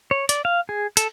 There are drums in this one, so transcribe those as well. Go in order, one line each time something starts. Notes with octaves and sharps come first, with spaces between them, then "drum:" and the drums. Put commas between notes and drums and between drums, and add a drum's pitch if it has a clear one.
C#5
D5, drum: hi-hat
F5
G#4
A4, drum: hi-hat